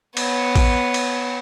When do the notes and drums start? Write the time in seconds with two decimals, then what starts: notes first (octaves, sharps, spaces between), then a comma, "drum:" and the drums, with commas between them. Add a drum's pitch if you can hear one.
0.17 B3 C#5, drum: cymbal
0.55 drum: kick, cymbal
0.94 drum: cymbal